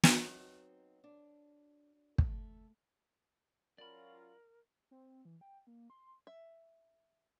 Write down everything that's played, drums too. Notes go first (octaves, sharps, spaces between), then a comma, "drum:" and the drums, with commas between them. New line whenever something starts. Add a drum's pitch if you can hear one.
F#3 D#5, drum: snare
B3 C4 D#4
D4
A3, drum: kick
F#3 C#4 F4 A#4 D5 B5
C4
E3
G5
A#3
C6
E5